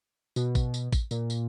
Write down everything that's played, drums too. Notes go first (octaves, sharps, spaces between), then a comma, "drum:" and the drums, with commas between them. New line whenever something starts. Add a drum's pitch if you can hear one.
B2, drum: tambourine
drum: kick A1, tambourine
drum: tambourine
drum: kick A1, tambourine
A#2, drum: tambourine
drum: tambourine